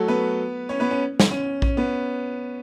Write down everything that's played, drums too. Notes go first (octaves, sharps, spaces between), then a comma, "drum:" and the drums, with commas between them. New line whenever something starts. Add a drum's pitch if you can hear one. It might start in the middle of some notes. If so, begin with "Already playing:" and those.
Already playing: F#3 A3 F#4 A4
B3 B4
C#4 C#5
B3 B4
C#4
drum: snare
C#4
C#4, drum: kick A#1
B3